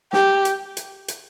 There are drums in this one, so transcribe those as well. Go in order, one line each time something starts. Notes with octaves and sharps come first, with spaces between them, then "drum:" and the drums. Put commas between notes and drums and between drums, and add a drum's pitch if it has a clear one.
G4, drum: snare
drum: hi-hat
drum: hi-hat
drum: hi-hat